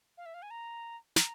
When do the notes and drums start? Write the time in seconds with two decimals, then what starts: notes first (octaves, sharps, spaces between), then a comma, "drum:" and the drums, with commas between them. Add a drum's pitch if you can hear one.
0.17 F5
0.26 E5
0.34 F5
0.42 G#5
0.51 A#5
1.16 A#5, drum: snare